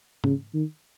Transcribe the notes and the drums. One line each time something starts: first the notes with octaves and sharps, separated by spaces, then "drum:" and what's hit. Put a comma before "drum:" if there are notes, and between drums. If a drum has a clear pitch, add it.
C#3, drum: tom G#2
D#3